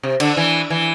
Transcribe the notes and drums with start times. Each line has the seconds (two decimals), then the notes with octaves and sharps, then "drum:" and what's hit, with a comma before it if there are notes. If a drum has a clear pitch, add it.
0.03 C3
0.20 D3, drum: cymbal
0.37 E3
0.70 E3